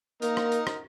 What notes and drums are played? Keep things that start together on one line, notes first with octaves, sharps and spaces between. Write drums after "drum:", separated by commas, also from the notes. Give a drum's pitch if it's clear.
A#3 D#4 A#4, drum: hi-hat
drum: rim click
drum: hi-hat
drum: rim click